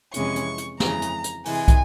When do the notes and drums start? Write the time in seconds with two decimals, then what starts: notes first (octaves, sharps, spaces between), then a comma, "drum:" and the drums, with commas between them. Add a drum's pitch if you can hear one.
0.14 F2 C3 E3 G#3 C#4 C#6, drum: hi-hat
0.36 drum: hi-hat
0.58 drum: hi-hat
0.80 F2 C#3 E3 A#5, drum: snare
1.02 drum: hi-hat
1.24 drum: hi-hat
1.45 C3 E3 G#3 G#5, drum: open hi-hat
1.68 drum: kick, hi-hat